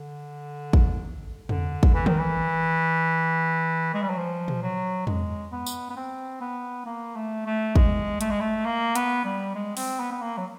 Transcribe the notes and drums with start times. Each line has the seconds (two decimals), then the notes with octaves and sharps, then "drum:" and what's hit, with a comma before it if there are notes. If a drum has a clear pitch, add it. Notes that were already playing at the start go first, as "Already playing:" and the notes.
Already playing: D3
0.73 drum: kick
1.49 D3, drum: tom
1.83 drum: kick
1.94 E3
2.06 D#3, drum: tom
2.18 E3
3.94 G#3
4.02 G3
4.10 F#3
4.18 F3
4.48 drum: tom A#2
4.63 F#3
5.07 G#3, drum: tom
5.52 B3
5.66 drum: tambourine
5.90 B3
5.97 C4
6.41 B3
6.86 A#3
7.16 A3
7.46 A3
7.76 G#3, drum: kick
8.21 A3, drum: hi-hat
8.30 G#3
8.41 A3
8.65 A#3
8.95 B3, drum: hi-hat
9.25 G3
9.55 G#3
9.77 C4, drum: open hi-hat
10.00 B3
10.12 B3
10.21 A#3
10.38 F#3